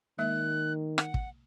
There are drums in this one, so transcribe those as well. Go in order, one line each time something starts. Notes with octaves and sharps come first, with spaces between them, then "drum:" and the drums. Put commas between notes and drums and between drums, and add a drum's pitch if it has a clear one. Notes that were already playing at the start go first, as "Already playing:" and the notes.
D#3 G#3 A#3 E5 F#6
F#5, drum: rim click
drum: kick